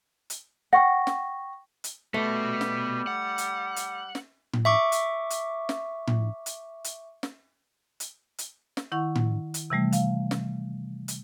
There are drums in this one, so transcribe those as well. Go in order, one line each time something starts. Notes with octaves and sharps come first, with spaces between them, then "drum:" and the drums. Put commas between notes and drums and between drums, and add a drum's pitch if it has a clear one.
drum: hi-hat
F#5 G5 C#6 A#6
drum: snare
drum: hi-hat
G3 A3 B3 F#4 B4
drum: snare
F#5
drum: hi-hat
drum: hi-hat
drum: snare
drum: tom A2
E5 C#6 D6
drum: hi-hat
drum: hi-hat
drum: snare
drum: tom A2
drum: hi-hat
drum: hi-hat
drum: snare
drum: hi-hat
drum: hi-hat
drum: snare
D#3 E4 F#5 C#6
drum: tom A2
drum: hi-hat
C3 E3 G3 A3
F5, drum: hi-hat
drum: snare
drum: hi-hat